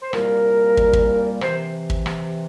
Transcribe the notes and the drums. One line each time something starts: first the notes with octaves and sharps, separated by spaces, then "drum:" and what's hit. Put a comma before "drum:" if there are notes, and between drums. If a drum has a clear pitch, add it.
C5
C2 A#2 G3 A#3 A#4, drum: rim click
drum: kick
drum: kick
C3 E3 C5, drum: rim click
drum: kick
drum: rim click